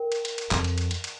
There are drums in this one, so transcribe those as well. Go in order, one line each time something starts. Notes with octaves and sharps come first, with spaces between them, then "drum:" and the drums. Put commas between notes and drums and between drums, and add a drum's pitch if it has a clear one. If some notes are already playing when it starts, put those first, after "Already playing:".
Already playing: A#4 G5
drum: cymbal
drum: cymbal
drum: cymbal
F2, drum: clap
drum: cymbal
drum: cymbal
drum: cymbal
drum: cymbal